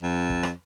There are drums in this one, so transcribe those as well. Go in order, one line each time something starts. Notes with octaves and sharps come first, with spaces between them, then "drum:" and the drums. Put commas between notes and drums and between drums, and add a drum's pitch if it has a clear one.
F2
drum: kick
drum: rim click